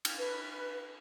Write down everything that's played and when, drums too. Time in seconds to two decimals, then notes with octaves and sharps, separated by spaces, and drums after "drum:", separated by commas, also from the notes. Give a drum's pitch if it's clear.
0.05 drum: cymbal
0.18 B4